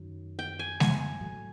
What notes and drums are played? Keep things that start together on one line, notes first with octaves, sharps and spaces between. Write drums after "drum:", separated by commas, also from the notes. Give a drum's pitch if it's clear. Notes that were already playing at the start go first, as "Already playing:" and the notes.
Already playing: F#2 D#3 F#3
G5
G#5
G#5, drum: snare G#3
A2 F#3 A3